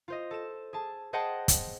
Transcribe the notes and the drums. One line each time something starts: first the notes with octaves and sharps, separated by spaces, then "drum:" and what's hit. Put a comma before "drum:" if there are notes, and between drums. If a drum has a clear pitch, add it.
F4 C5 D#5
A4 E7
G#4 A5
G#4 C5 D#5 F#5 G5 A5
drum: kick, hi-hat